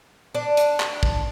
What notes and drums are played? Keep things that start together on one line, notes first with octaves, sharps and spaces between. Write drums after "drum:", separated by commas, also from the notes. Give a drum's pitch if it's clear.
D4
drum: hi-hat
drum: clap
drum: kick